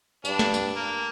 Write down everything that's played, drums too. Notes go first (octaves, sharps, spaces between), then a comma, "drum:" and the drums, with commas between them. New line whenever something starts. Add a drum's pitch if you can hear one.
G2 D4, drum: tambourine
drum: snare
drum: tambourine
A#3